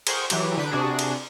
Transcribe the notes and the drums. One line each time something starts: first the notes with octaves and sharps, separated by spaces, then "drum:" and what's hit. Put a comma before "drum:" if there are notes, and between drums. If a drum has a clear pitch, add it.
G#4 A#4 C5 F#5 G5 C#6, drum: cymbal
E3 F#3 G4, drum: cymbal
D3 B4 G6 D7
C3 D4 F#4 G#4
drum: cymbal